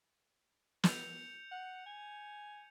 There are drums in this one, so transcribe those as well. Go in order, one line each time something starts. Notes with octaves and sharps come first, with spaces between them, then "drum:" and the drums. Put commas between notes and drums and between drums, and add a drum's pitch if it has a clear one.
G6 C#7 F7, drum: snare
F#5
G#5